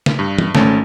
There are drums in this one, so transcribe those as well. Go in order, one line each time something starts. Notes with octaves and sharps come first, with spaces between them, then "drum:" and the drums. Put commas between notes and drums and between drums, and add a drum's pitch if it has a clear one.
drum: snare
G2
drum: tom
G#1 A3 C#4, drum: snare